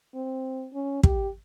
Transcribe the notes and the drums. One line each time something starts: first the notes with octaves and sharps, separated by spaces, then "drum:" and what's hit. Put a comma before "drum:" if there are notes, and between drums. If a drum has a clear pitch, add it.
C4
C#4
G4, drum: kick